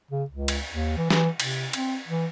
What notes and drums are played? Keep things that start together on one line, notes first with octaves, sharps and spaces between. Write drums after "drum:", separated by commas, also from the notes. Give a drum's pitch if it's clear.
C#3
C#2
drum: cymbal
D#2
E3
E3, drum: snare
C3, drum: cymbal
C4, drum: cymbal
E3